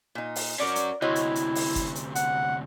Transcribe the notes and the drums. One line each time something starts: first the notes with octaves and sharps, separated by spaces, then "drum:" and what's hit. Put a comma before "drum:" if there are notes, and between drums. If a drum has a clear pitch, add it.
A#2 D#4
drum: open hi-hat
C#4 F#4 A#4 D5
drum: hi-hat
D2 C3 E4 F#4 C#5 D#5
drum: hi-hat
drum: hi-hat
drum: open hi-hat
drum: kick F#1, hi-hat
drum: hi-hat
F#5, drum: hi-hat